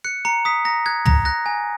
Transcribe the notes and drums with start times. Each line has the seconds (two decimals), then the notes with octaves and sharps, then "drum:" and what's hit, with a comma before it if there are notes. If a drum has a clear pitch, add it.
0.04 F#6 C#7
0.25 A#5 C#7
0.45 D#6 B6
0.65 A#5 A#6
0.86 F#6 G#6
1.06 A#5 A#6, drum: tom
1.25 F#6 A#6
1.46 G#5